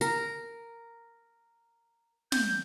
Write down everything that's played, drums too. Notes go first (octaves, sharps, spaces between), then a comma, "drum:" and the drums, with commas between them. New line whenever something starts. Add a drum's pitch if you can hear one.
A#4, drum: hi-hat
G6, drum: snare